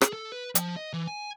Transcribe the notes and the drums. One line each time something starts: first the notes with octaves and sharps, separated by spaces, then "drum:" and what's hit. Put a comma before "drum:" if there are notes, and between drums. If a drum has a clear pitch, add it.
G#4, drum: rim click
A4
B4
F3, drum: hi-hat
D#5
E3
G#5